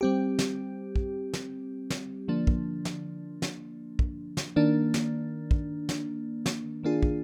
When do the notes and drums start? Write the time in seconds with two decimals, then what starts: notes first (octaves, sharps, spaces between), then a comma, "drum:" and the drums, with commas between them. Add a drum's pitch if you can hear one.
0.01 G3 C4 G4
0.39 drum: snare
0.96 drum: kick
1.33 drum: snare
1.90 drum: snare
2.28 D3 F3 A#3 D4
2.47 drum: kick
2.85 drum: snare
3.42 drum: snare
3.99 drum: kick
4.37 drum: snare
4.56 D#3 A#3 D4
4.94 drum: snare
5.51 drum: kick
5.89 drum: snare
6.46 drum: snare
6.83 D#3 A#3 D4 F4 G#4
7.03 drum: kick